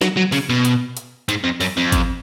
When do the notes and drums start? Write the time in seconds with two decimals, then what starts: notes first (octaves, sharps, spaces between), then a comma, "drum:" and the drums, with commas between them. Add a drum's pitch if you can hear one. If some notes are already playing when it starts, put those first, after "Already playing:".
0.01 F#3, drum: snare
0.17 F#3
0.32 C#3, drum: open hi-hat
0.49 B2
0.65 drum: hi-hat
0.97 drum: hi-hat
1.29 G#2, drum: hi-hat
1.44 F2
1.60 F#2, drum: open hi-hat
1.77 F2
1.92 drum: kick G#1, hi-hat